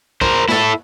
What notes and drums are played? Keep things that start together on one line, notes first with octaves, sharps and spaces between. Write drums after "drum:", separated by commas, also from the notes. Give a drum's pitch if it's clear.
A#4 C5, drum: kick
E4 A4, drum: snare